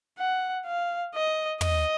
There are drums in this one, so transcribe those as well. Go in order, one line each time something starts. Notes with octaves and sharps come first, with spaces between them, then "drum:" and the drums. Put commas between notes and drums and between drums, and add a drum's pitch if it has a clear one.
F#5
F5
D#5
D#5, drum: tom